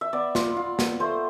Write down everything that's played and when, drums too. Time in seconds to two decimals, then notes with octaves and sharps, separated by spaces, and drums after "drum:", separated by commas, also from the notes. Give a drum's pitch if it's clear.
0.01 E5
0.13 B3 D5
0.35 F4, drum: snare
0.57 F4
0.79 B3, drum: snare
1.00 A3 C5